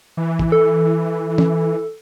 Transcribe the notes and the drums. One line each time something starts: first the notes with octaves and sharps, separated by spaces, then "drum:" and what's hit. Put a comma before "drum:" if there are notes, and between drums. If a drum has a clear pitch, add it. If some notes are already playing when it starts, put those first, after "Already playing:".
E3
drum: kick
A4
drum: tom